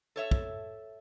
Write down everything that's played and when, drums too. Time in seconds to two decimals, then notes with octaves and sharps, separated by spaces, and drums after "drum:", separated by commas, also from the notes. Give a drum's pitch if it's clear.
0.16 A4 C#5 E5
0.31 drum: kick